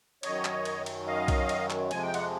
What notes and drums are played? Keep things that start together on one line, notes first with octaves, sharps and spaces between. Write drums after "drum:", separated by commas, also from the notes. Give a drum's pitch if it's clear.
F#2 D#3 F#3 C#5 D#5, drum: cymbal
drum: clap
drum: cymbal
drum: cymbal
D#5 F5
drum: kick B1, cymbal
drum: cymbal
drum: clap
F2 C3 F3 G#3 G#5, drum: cymbal
G5
F#5, drum: cymbal